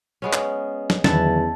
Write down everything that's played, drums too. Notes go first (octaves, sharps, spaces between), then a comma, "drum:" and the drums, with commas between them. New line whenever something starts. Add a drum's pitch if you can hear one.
G#3 B3 C#4
drum: clap
drum: snare
E2 D3 D#3 F#3 E4 F#5 A5, drum: snare